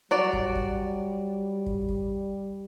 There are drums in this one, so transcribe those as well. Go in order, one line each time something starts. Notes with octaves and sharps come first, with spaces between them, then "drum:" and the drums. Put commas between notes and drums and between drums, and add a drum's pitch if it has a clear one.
F#3 G3 D5
drum: kick
drum: kick
drum: kick
drum: kick